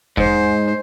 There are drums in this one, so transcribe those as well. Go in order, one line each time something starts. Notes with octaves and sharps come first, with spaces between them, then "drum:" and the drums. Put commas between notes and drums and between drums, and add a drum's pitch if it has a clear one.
G#2 C5, drum: kick E2